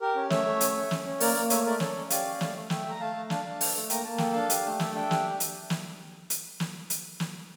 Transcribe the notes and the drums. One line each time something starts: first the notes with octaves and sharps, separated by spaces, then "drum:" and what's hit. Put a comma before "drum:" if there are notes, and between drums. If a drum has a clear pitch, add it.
G4 A#4
C#4
A3 C#5 E5, drum: snare
A3
C#4, drum: hi-hat
C#4
C#4, drum: snare
C#4
A#3 A#4 D5, drum: open hi-hat
A#3
A3 C#5 E5, drum: hi-hat
A3 A#4 D5
C#4 A4 C#5, drum: snare
C#4
G4 D5 F5, drum: hi-hat
C#4
A3, drum: snare
A3
A3 E5 G5, drum: snare
A3 A#5
A3 F5 A5
A3
D4 F5 A5, drum: snare
D4
A4, drum: open hi-hat
A3
A#3 G5 A#5, drum: hi-hat
A#3 A5
A4 G5, drum: snare
D4 F5 A5
G4, drum: hi-hat
A3
A4 E5 G5, drum: snare
D4 E5 G5
G4, drum: snare
drum: hi-hat
drum: snare
drum: hi-hat
drum: snare
drum: hi-hat
drum: snare